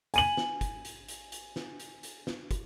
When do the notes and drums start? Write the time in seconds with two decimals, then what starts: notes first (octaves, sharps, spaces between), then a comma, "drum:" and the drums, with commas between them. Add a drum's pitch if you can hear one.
0.14 G#5 D#7 F#7, drum: hi-hat
0.37 drum: snare
0.61 drum: kick, hi-hat
0.85 drum: hi-hat
1.08 drum: hi-hat
1.32 drum: hi-hat
1.56 drum: snare
1.80 drum: hi-hat
2.03 drum: hi-hat
2.27 drum: snare
2.51 drum: kick, hi-hat